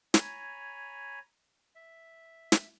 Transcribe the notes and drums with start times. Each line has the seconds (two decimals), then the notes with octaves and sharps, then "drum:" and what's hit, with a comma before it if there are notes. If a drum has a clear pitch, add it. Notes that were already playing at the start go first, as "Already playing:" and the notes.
0.14 C#5 G#5 A#5 B5, drum: snare
1.75 E5
2.52 drum: snare